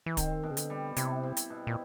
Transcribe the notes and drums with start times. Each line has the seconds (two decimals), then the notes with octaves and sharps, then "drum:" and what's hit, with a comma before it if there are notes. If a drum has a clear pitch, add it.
0.06 E3
0.17 D#3 C4, drum: kick, hi-hat
0.43 B2
0.51 C#3
0.57 D3, drum: hi-hat
0.70 G3
0.96 C3 E4, drum: hi-hat
1.23 C4
1.37 drum: hi-hat
1.50 B2
1.67 A#2